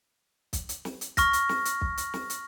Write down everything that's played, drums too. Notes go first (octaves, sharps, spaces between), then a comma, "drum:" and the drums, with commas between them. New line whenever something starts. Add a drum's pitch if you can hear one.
drum: kick, hi-hat
drum: hi-hat
drum: snare
drum: hi-hat
C#6 F6 A#6, drum: kick, hi-hat
drum: hi-hat
drum: snare
drum: hi-hat
drum: kick
drum: hi-hat
drum: snare
drum: hi-hat